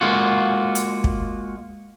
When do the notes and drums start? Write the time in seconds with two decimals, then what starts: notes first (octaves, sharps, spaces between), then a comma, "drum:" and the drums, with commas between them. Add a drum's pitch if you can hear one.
0.01 G#3 A#3 F4 F#4
0.75 drum: hi-hat
1.04 drum: kick